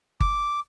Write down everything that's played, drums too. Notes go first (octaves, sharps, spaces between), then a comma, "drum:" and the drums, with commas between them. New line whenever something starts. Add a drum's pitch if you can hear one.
D6, drum: kick G1